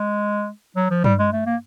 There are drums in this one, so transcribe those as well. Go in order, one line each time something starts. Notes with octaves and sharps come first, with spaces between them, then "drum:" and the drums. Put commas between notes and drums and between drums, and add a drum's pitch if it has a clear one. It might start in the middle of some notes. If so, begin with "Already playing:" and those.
Already playing: G#3
F#3
F3
G3, drum: tom G2
G#3
A3
A#3